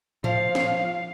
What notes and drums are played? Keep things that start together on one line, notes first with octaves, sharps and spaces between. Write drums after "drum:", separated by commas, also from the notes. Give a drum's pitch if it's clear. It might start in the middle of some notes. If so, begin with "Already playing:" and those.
F3 F5, drum: tom A2
drum: snare